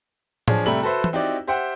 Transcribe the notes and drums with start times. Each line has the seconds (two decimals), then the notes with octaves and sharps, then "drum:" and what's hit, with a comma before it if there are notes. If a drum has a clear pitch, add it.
0.48 F3 D4 G#4 C#5, drum: tom A2
0.66 C3 G3 A3 A#5 B5 F#7
0.82 F#4 A4 B4 C5 E5
1.04 drum: tom
1.13 C4 D#4 E4 F#4 G4 D5
1.47 G4 C5 E5 F#5 G5